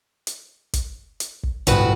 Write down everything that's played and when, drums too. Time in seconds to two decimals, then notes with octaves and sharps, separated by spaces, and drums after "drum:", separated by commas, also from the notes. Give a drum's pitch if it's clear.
0.27 drum: hi-hat
0.73 drum: kick, hi-hat
1.20 drum: hi-hat
1.43 drum: kick
1.67 G1 C2 A2 C4 F#4 B4, drum: kick, hi-hat